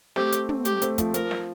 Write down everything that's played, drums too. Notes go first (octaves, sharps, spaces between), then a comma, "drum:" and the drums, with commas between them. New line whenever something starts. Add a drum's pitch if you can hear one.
A3 C4 G4, drum: snare
drum: hi-hat
drum: tom
G4, drum: hi-hat
A3 C4, drum: hi-hat
F3 A3, drum: kick, hi-hat
F3 A#4, drum: hi-hat
drum: snare